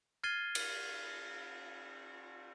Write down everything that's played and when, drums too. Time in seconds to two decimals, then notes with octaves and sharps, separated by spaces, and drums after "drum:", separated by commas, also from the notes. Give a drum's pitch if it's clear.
0.24 F6 G#6 A6 C7 D#7 G7
0.55 drum: cymbal